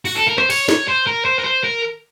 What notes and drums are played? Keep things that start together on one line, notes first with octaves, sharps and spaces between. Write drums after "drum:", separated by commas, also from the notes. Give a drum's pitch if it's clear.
F#4, drum: open hi-hat
A4
A#4
C5, drum: rim click
C#5, drum: cymbal
C#5, drum: snare
C5
A#4
C5
A#4
C5
A#4